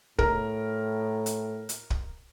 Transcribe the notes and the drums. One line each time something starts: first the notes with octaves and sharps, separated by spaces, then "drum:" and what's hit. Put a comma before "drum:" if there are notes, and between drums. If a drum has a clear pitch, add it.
A2 A#4, drum: kick
drum: hi-hat
drum: hi-hat
drum: kick